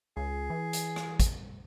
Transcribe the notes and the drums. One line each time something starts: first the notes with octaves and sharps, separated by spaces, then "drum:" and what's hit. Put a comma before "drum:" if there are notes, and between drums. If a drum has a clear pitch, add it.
C#2 G#4
E3
drum: hi-hat
drum: rim click
drum: kick, hi-hat